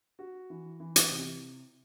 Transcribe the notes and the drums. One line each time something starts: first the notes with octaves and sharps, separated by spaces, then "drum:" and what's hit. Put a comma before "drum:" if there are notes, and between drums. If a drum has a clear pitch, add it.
F#4
E3
E3
drum: hi-hat
C3